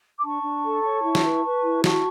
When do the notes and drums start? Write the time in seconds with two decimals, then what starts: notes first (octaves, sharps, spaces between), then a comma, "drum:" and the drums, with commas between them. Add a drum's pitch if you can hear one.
0.17 D6
0.24 D4 A5 C#6
0.43 D4
0.64 A4
0.84 C#5
1.04 E4
1.15 drum: snare
1.24 B4
1.44 B4
1.63 E4
1.84 F#4 A5 C#6, drum: snare